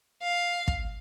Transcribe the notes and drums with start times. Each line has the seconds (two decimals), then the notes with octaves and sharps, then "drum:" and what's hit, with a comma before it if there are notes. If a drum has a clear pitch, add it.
0.23 F5
0.68 drum: kick